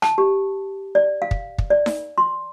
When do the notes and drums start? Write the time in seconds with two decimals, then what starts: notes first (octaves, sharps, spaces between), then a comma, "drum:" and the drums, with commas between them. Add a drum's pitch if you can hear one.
0.02 A5, drum: rim click
0.18 G4
0.95 D5
1.22 F5
1.31 drum: kick
1.58 drum: kick
1.70 D5
1.86 drum: snare D#4
2.18 C6